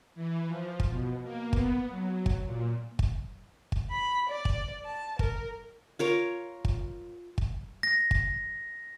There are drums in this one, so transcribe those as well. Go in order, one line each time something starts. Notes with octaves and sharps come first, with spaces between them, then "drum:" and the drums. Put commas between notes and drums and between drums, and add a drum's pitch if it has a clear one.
E3
F3
drum: kick
B2
A#3
B3, drum: kick
F#3
drum: kick
A#2
drum: kick
drum: kick
B5
D5
drum: kick
A5
A#4, drum: kick
F4 A#4 C#5
drum: kick
drum: kick
A#6
drum: kick